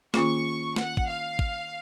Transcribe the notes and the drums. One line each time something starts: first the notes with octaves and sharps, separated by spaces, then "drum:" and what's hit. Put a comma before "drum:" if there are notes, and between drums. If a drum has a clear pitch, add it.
D#3 A#3 C#4 F4 G#4 C#6, drum: snare
F#5, drum: snare
drum: kick
F5
drum: kick